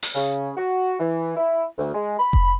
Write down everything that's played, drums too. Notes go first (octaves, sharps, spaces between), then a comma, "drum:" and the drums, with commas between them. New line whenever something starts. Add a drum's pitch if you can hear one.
drum: open hi-hat
C#3
F#4
E3
E4
D2
G#3
B5
drum: kick F1